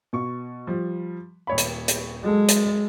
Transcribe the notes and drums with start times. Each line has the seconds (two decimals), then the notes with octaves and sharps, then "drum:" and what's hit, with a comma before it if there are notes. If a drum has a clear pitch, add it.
0.13 B2 C#6
0.67 F3 G3
1.47 D#1 C#5 B5
1.58 drum: hi-hat
1.88 drum: hi-hat
2.24 F#3 G#3 A4
2.49 drum: hi-hat